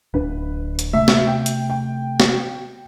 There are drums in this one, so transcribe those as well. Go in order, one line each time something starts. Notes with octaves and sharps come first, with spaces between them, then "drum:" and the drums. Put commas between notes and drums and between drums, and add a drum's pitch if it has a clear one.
D1 D4 B4
drum: hi-hat
C3 A3 E5
drum: snare
G5
drum: hi-hat
G5
drum: snare